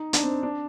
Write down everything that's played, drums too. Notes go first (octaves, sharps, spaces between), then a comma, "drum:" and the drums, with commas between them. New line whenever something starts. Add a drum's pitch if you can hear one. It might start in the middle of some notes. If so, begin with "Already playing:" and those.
Already playing: D#4
D4, drum: hi-hat
C4
D4